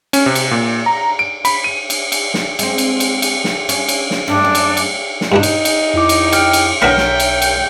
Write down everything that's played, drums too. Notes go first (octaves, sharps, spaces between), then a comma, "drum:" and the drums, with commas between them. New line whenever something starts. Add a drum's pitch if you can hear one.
C#4, drum: cymbal
C3
drum: cymbal
A#2
A#5
D7
B5, drum: cymbal
D#7
drum: cymbal
drum: cymbal
drum: snare
G#3 C4, drum: cymbal
drum: cymbal
drum: cymbal
drum: cymbal
drum: snare
C#4, drum: cymbal
drum: cymbal
drum: snare
G2 A3 D4
F#2
drum: cymbal
drum: cymbal
drum: snare
G2 G3 D4 D#4
drum: cymbal
drum: cymbal
F2 E4 D6
drum: cymbal
G5 F6 F#6, drum: cymbal
drum: cymbal
B1 B3 D4 A#4 C#5 E5 G5 F6
drum: snare
drum: cymbal
drum: cymbal